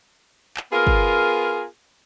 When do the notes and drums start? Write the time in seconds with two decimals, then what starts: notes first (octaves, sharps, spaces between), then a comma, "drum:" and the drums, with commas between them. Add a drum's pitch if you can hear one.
0.57 drum: clap
0.72 B3 F4 G#4 A#4
0.87 drum: kick